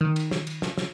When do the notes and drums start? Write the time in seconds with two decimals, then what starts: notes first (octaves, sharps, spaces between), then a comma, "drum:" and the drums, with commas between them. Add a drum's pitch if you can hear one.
0.01 D#3
0.16 drum: cymbal
0.31 drum: snare
0.47 drum: cymbal
0.62 drum: snare
0.78 drum: snare